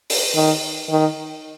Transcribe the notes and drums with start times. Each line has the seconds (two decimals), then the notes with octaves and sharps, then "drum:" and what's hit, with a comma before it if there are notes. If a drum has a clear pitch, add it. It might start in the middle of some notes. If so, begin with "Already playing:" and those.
0.10 drum: open hi-hat
0.35 D#3
0.90 D#3